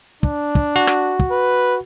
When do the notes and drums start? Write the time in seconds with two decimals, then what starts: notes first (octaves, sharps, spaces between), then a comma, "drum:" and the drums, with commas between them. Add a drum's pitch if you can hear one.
0.23 D4, drum: kick
0.55 drum: kick
0.76 F#4
0.87 drum: rim click
1.19 drum: kick
1.31 B4